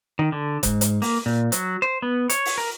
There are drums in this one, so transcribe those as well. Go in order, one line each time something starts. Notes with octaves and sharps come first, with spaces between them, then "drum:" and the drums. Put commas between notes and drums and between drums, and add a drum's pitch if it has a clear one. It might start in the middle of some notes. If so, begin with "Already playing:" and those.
D#3
D3
G#2, drum: kick F1, hi-hat
drum: hi-hat
A#3, drum: open hi-hat
A#2
F#3, drum: hi-hat
C5
B3
C#5, drum: hi-hat
drum: open hi-hat
A#4